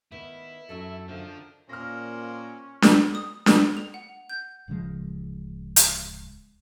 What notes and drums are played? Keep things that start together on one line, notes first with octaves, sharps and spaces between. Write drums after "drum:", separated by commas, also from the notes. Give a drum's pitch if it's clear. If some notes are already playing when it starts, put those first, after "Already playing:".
D#3 B3 E4
F#2 F#3 A4 E5
D#3 F3 D4 A4
A#2 A#3 C4 C#4 C5 F6 A#6
drum: snare D4
D#6
D#6, drum: snare D4
F7
F#5
G6
D1 C#3 F3 G#3
drum: hi-hat